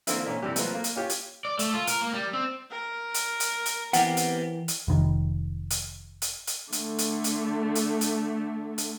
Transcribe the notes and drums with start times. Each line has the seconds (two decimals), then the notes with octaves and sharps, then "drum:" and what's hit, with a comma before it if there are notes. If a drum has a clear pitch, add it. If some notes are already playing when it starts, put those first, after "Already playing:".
0.07 D3 E3 A#3 C4 E4, drum: hi-hat
0.26 A#2 D3 C#4
0.42 C3 E3 G3 G4
0.56 F#3 A3 A#3 C4 F4 B4, drum: hi-hat
0.74 A#3
0.84 drum: hi-hat
0.96 C#4 F4 G4 C#5
1.09 drum: hi-hat
1.45 D5
1.59 A3, drum: hi-hat
1.74 F4
1.87 A#4, drum: hi-hat
2.01 A#3
2.13 G3
2.33 C4
2.70 A#4
3.14 drum: hi-hat
3.40 drum: hi-hat
3.66 drum: hi-hat
3.93 E3 B3 C4 G4 F#5, drum: hi-hat
4.17 drum: hi-hat
4.68 drum: hi-hat
4.88 F1 D#3
5.70 drum: hi-hat
6.22 drum: hi-hat
6.47 drum: hi-hat
6.72 D3 A3, drum: hi-hat
6.98 drum: hi-hat
7.24 drum: hi-hat
7.75 drum: hi-hat
8.01 drum: hi-hat
8.78 drum: hi-hat